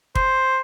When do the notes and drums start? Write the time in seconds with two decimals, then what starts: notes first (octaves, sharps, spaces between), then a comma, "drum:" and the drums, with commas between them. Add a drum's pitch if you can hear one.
0.15 C5, drum: kick